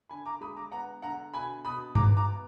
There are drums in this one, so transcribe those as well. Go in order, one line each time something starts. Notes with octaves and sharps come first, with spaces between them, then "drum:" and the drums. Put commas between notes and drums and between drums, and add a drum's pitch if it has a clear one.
D3 G#5 B5
A#5 D6
G#3 B5 D#6
A#5 D6
B3 F#5 A#5
D3 F#5 A#5
B2 G#5 B5
B2 B5 D#6
B3 A#5 D6, drum: tom G2
A#5 D6
B3